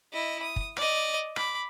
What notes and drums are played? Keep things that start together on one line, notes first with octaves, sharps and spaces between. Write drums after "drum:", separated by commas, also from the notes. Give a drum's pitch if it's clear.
E4 D#5
D#6
drum: kick
D5 D#5, drum: rim click
B5 D6, drum: rim click